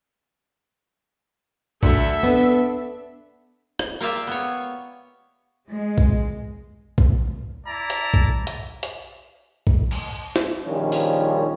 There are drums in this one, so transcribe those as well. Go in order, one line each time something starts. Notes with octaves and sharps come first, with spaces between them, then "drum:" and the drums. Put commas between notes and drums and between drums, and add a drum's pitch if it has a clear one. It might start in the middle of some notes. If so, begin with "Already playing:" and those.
D2 A4 E5, drum: kick A#1
B3 D4
drum: rim click
A#3 F4 G4 D5 E5 F5
B3 C#5
G#3
drum: kick A#1
drum: kick A#1
E4 D5 A5 A#5
drum: hi-hat
drum: kick A#1
drum: hi-hat
drum: hi-hat
drum: kick A#1
drum: cymbal
drum: snare
A#1 D#3 F3 G3 C#4
drum: open hi-hat